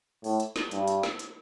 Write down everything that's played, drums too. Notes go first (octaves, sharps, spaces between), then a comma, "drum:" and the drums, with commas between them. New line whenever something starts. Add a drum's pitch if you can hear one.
A2, drum: open hi-hat
drum: hi-hat
drum: snare
G2, drum: hi-hat
drum: hi-hat
drum: snare
drum: hi-hat